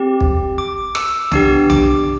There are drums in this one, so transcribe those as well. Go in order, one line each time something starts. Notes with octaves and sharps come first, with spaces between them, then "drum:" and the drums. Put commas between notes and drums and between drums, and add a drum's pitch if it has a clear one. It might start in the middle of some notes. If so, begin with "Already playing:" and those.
Already playing: C4 G4
drum: kick
D6
E6, drum: rim click
B3 D4 G4, drum: tom B1
D6, drum: tom B1